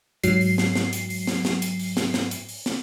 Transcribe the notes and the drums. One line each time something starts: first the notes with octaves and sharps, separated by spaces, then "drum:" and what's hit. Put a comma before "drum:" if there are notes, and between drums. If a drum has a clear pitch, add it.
G#2 F#3 C7, drum: hi-hat
drum: open hi-hat
drum: snare
drum: snare
drum: hi-hat
drum: open hi-hat
drum: snare
drum: snare
drum: hi-hat
drum: open hi-hat
drum: snare
drum: snare
drum: hi-hat
drum: open hi-hat
drum: snare